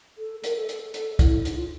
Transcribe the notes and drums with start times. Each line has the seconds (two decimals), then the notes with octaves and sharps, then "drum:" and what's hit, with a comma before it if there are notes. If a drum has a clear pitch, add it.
0.18 A4
0.44 A#4, drum: hi-hat
0.56 A4
0.69 A4, drum: hi-hat
0.82 A4
0.94 A4, drum: hi-hat
1.19 E4, drum: kick, hi-hat
1.45 D#4, drum: hi-hat
1.53 E4
1.58 F4